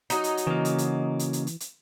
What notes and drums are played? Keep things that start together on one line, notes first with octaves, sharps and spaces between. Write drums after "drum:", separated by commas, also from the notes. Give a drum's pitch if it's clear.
F#3 D#4, drum: hi-hat
drum: hi-hat
drum: hi-hat
C#3 E3 A#3
drum: hi-hat
drum: hi-hat
drum: hi-hat
drum: hi-hat
drum: hi-hat
drum: hi-hat